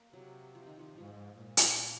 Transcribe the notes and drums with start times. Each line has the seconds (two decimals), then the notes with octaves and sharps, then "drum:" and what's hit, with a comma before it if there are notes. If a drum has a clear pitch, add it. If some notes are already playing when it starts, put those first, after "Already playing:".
Already playing: A#3
0.13 C3 F#3
0.55 F3
0.67 D#3
0.79 F3
0.97 G#2 F3
1.39 A#2
1.57 drum: hi-hat
1.81 F3